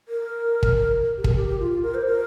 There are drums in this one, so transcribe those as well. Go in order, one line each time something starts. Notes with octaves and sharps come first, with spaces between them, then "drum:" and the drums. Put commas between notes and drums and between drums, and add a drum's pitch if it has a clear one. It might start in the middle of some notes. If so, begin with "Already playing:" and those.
A#4
drum: kick
G4
A#4, drum: kick
G4
G4
F4
F4
A#4
C5
A#4